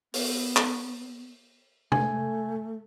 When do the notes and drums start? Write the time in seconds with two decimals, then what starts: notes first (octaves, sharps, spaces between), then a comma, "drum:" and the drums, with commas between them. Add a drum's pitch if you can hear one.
0.14 B3, drum: open hi-hat
0.56 drum: clap
1.92 A3 G#5, drum: tom C3